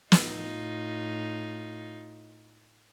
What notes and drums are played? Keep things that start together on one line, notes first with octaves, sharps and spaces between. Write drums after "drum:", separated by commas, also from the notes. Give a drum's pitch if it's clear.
A2 D#4 F4, drum: snare